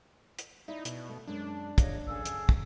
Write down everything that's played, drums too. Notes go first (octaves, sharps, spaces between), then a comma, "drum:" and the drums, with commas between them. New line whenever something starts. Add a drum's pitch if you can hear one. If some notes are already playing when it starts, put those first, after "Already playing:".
drum: hi-hat
D#4 E4 D5 E5
B2, drum: hi-hat
A3
F#2 G#3 C#4 D4
F4 G#4 C#5 D#5, drum: kick, hi-hat
F#2 C#3 C#4 G#4 A4 E6
drum: hi-hat
drum: kick